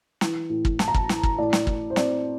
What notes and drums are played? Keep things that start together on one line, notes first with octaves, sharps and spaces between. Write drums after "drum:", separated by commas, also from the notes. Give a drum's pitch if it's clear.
E3, drum: snare
A2
drum: kick
E3 A5, drum: snare
A#5
A5, drum: kick
E3, drum: snare
drum: kick
A2 D5
drum: snare
A2, drum: kick
C5
C4 D5, drum: snare